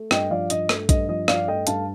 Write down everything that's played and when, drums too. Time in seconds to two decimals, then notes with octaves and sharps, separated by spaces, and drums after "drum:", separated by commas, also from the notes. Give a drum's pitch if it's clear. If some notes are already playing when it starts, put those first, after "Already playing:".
Already playing: A3
0.11 G2 D#5 G5, drum: rim click
0.30 F3 D5 F5
0.50 G2 D#5, drum: hi-hat
0.69 A3, drum: rim click
0.89 G2 D#5, drum: kick A#1, hi-hat
1.09 F3 D#5
1.28 G2 D5 F5, drum: rim click
1.47 A3 D#5 G5
1.67 G2 F5 A5, drum: hi-hat